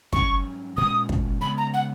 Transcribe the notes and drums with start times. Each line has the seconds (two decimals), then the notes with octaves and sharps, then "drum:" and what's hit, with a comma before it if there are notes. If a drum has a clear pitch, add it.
0.13 G#2 F#3 C#4 C#6, drum: kick
0.77 A#2 G#3 C#4 D#6
1.09 drum: kick
1.41 C#3 G#3 B3 B5
1.58 A#5
1.74 F#5